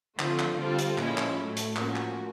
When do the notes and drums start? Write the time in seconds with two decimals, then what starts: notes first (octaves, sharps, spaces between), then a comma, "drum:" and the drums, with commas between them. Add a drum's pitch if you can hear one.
0.19 D3 F3 A3 C4 F4, drum: clap
0.39 drum: clap
0.59 G3 C4 F4 A4
0.78 drum: hi-hat
0.98 A#2 F3 G#3 C#4 E4, drum: clap
1.18 drum: clap
1.37 A2 F#3 A3
1.57 drum: hi-hat
1.76 A2 F3 A#3 C#4 F#4, drum: clap
1.96 drum: clap